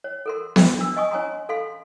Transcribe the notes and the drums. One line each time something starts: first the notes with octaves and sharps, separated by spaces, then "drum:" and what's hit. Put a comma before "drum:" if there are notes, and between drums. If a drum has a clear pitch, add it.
C#5
A4 A#4 C6
drum: snare B3
D4 E6
D#5 G#5 C#6 D#6
C#4 C#5 G#5 A#5 C6
A4 F5 C6